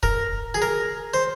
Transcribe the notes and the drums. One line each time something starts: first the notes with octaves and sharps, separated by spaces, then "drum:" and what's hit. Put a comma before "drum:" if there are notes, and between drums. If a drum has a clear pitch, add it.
A#4, drum: kick
G#4
A#4
C5